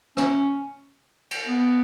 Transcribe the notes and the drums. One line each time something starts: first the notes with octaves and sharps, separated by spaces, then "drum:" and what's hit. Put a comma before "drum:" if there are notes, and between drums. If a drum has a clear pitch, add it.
C#4, drum: rim click
drum: cymbal
B3